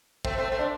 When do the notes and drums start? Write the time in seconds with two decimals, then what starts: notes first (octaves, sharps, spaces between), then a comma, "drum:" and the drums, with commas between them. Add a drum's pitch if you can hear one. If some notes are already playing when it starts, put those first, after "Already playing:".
0.25 A3 C4, drum: kick
0.38 A3 C4
0.52 A3 C4
0.59 D4